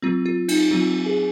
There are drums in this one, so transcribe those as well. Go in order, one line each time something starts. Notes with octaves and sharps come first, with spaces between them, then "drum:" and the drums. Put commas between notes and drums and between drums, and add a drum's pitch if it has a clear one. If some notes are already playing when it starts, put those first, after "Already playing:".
F#3 C4 F4
F4
D#4, drum: cymbal
F#3 C4 F4
G#4